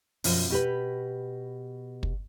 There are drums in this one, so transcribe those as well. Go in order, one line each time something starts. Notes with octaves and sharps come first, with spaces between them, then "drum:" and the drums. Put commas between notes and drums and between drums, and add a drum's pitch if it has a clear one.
F#2 B2 F3, drum: open hi-hat
B2 G4 B4
drum: kick